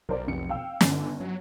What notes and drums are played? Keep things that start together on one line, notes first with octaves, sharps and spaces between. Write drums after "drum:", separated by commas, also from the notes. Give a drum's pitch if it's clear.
B1 A#4 C5 D5
F1 C#7
F5 G5 E6
G1 D3 C#4 G#5, drum: snare
F#3